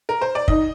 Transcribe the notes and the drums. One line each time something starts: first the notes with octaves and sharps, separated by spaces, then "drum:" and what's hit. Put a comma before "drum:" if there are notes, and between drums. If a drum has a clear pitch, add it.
A#4
C5
D5
D#4 D#5, drum: kick